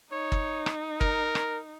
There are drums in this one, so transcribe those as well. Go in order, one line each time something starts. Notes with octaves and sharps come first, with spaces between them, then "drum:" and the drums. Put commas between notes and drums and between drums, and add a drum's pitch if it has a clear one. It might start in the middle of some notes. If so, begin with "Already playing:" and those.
D#4 C#5
drum: kick
drum: rim click
A#4, drum: kick
drum: rim click